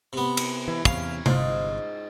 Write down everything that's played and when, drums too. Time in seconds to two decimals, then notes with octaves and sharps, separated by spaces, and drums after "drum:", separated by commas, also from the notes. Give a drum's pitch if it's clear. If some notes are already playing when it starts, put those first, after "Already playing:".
0.13 C3 B3
0.37 drum: cymbal
0.68 E3 E4
0.85 E2 C3 C#4 F5, drum: kick
1.26 G1 G#2 C4 F4, drum: tom C3